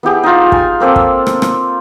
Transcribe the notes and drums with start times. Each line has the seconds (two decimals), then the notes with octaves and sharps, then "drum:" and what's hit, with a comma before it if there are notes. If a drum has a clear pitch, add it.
0.03 B3 E4 G4 G#4
0.23 D#4 F4
0.52 G#5, drum: kick
0.80 A#3 C4 A4 D5
0.96 drum: kick
1.27 drum: rim click
1.42 drum: rim click